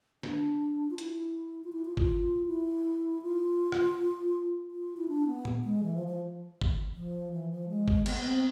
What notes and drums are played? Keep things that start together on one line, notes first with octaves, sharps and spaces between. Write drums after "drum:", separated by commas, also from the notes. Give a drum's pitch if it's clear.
D4, drum: snare
F4
E4, drum: hi-hat
F4
E4
F4
F4, drum: kick
E4
F4
drum: rim click
F4
E4
D4
B3
drum: tom A#2
G#3
E3
F3
F3
drum: kick
F3
E3
F3
G#3
drum: kick
B3, drum: cymbal
C4